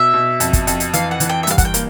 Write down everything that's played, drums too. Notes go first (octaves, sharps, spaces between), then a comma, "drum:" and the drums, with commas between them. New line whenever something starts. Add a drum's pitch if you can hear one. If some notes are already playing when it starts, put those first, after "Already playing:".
Already playing: B2 E5
B2
F2, drum: hi-hat
drum: kick, hi-hat
F2, drum: hi-hat
drum: hi-hat
E3 F5, drum: hi-hat
F#5
E3, drum: hi-hat
G5
E5
G2 F5, drum: hi-hat
F#5, drum: kick, hi-hat
G5
A#3, drum: hi-hat